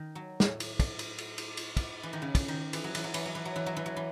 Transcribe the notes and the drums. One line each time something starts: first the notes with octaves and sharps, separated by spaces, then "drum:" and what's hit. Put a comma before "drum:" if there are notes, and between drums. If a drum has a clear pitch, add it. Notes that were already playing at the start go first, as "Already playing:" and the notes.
Already playing: D#3
F#3
A2, drum: snare
drum: cymbal
drum: kick, cymbal
drum: cymbal
drum: cymbal
drum: cymbal
drum: cymbal
drum: kick, cymbal
E3
D#3
C#3
drum: kick, cymbal
D#3
E3, drum: cymbal
F#3
E3, drum: cymbal
F#3
E3, drum: cymbal
F#3
E3
F#3
E3
F#3
E3
F#3
E3